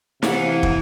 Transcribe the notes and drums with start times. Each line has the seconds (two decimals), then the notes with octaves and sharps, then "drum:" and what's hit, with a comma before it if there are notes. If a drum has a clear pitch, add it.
0.23 C3 E3 F5 F#5, drum: snare
0.63 drum: kick